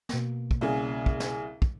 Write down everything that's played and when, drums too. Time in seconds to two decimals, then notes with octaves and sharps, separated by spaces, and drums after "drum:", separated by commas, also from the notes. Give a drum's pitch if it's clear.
0.09 B2 A#3, drum: snare
0.51 drum: kick
0.61 C2 C#3 G#4
1.06 drum: kick
1.20 drum: snare
1.62 drum: kick